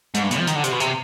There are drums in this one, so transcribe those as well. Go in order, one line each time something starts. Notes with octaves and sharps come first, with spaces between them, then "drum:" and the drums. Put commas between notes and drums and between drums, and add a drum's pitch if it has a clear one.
G#2, drum: hi-hat
G2
B2, drum: hi-hat
F3
D#3, drum: hi-hat
D3
C3, drum: hi-hat
B2
C3, drum: hi-hat